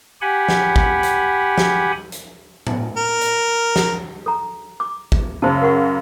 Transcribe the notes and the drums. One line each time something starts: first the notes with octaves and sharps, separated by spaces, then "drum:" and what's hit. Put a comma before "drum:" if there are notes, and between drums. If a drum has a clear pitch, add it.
G4 F#5 G#5 B5
drum: snare
drum: kick
drum: hi-hat
drum: snare
drum: hi-hat
drum: tom A2
A#4
drum: hi-hat
drum: snare
A4 A#5
D6
drum: kick
F#2 C#3 C5 A5
A#4 F#5 C#6